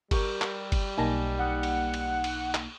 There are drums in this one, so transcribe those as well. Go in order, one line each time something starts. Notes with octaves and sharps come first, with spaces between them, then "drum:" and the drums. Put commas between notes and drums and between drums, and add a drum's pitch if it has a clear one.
G3 G4 A#4 C#6, drum: kick G1, cymbal
drum: clap
drum: kick G1, cymbal
B1 A#3 D#4 G#5 A5 A#6
F#5 D#6
drum: cymbal
drum: cymbal
drum: cymbal
drum: clap